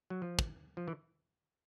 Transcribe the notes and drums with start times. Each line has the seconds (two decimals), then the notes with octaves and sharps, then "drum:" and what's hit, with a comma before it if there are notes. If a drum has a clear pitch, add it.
0.10 F#3
0.22 F3
0.39 drum: kick
0.77 F3
0.88 E3